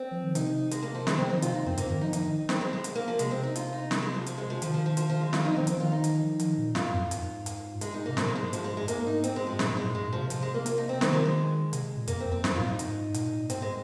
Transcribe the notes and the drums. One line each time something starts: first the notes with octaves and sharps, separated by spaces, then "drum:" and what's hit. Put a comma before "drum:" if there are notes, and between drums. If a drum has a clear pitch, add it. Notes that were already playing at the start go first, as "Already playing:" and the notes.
Already playing: C4
F3
D#3
C3 D#4, drum: hi-hat
G#3, drum: hi-hat
A#3
F3
D#3 G#3, drum: snare
F3 C4
D#3 D#4
C3 F4, drum: hi-hat
D#4
F2 C4
G#2 A#3, drum: hi-hat
D#3 A#3
F3 D#4
D#3 D#4, drum: hi-hat
D#3
C4, drum: snare
G#3
G#3
drum: hi-hat
A#3
F3
C3 G#3, drum: hi-hat
C4
D#4
F4, drum: hi-hat
D#4
drum: snare
G#3
F3
F3, drum: hi-hat
G#3
F3
D#3 F3, drum: hi-hat
F3
F3
F3, drum: hi-hat
F3
G#3
D#3 F4, drum: snare
F3 D#4
D#3 C4
F3, drum: hi-hat
D#3 F4
D#4
D#3, drum: hi-hat
F3
D#3, drum: hi-hat
A#2
G#2 F4, drum: snare
F2
G#2, drum: hi-hat
drum: hi-hat
G#3, drum: hi-hat
D#4
C3 A#3
G#2 F3, drum: snare
A#2
A#3
G#2 G#3
F3, drum: hi-hat
G#3
G#3
G#2 A#3, drum: hi-hat
D#4
C4, drum: hi-hat
G#3
F3
A#2 G#3, drum: snare
G#2
G#3
A#2
G#2 G#3
A#2
F3
C3
F3, drum: hi-hat
G#3
A#3
F4, drum: hi-hat
D#4
C4
D#3 A#3, drum: snare
F3
G#3
C3, drum: hi-hat
A#2
F2 A#3, drum: hi-hat
C4
F2
C4
G#2, drum: snare
A#2 F4
G#2 D#4
drum: hi-hat
A#2, drum: hi-hat
A#2
G#2 C4, drum: hi-hat
G#3